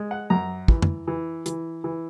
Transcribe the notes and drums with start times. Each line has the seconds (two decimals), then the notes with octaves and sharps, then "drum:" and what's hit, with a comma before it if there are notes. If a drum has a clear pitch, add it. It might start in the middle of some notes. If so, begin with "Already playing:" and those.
Already playing: G#3
0.11 F#5
0.30 F#2 A#5
0.68 E3, drum: kick
0.82 drum: tom F2
1.08 E3
1.46 E3, drum: hi-hat
1.84 E3